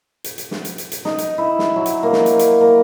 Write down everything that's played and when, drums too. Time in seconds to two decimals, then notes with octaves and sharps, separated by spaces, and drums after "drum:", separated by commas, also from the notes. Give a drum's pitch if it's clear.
0.24 drum: hi-hat
0.38 drum: hi-hat
0.51 drum: snare
0.65 drum: hi-hat
0.78 drum: hi-hat
0.92 drum: hi-hat
1.05 D#4, drum: snare
1.18 drum: hi-hat
1.38 E4
1.59 drum: snare
1.76 F#3
1.86 drum: hi-hat
2.03 A#3
2.12 drum: snare
2.26 drum: hi-hat
2.39 drum: hi-hat
2.61 A#3